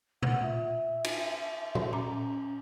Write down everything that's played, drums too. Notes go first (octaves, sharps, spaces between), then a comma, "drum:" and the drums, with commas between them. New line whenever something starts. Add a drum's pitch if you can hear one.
F#5, drum: tom A#2
F4 E5
drum: cymbal
drum: tom A#2
A#2 C#4 A#5 D6